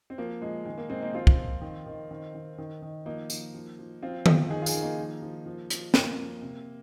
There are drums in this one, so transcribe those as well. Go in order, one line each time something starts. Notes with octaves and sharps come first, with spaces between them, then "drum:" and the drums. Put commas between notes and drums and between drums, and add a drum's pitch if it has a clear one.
C4
F3 A#3
F3 G#3
D#3 G#3
A#3
D#3 G#3 C4
A#3 D#4
F3 C4 F4
drum: kick
F3
D#3
D#3
D#3
D#3
D#3
D#3
F3 A#3 D#4
F3, drum: tambourine
F3
F3
F3 C4 F4
F3, drum: tom D#3
D#3 D#4 G#4
F4
D#4 G#4, drum: tambourine
D#3
A#3 D#4
F3
F3
F3
F3, drum: hi-hat
F3 A#3, drum: snare
F3
C3